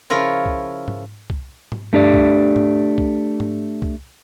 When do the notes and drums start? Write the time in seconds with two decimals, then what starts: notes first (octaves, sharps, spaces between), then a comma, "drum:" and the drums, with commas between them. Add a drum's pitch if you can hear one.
0.10 C#3 F3 E4 F4 A#4 C#5
0.46 drum: kick C2
0.88 drum: tom G#2
1.30 drum: kick C2
1.72 drum: tom G#2
1.93 A3 D4 G4 D5
2.14 drum: kick C2
2.56 drum: tom G#2
2.98 drum: kick C2
3.40 drum: tom G#2
3.82 drum: kick C2